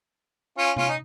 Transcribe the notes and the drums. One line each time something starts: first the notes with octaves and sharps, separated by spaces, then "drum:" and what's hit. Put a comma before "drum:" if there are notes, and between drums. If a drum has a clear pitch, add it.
C#4 F4
C#4 F4, drum: tom C3
D#4